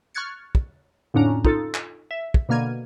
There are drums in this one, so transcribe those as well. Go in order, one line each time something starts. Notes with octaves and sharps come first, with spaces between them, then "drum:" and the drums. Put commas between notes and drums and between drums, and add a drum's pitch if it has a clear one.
C#6 F6 F#6 G#6 A6 C#7
drum: kick
F2 A2 D3 C#4 D4 A#5
D#4 F4 A4, drum: kick
drum: clap
E5
drum: kick
B2 D3 A#3 F6 G#6 D#7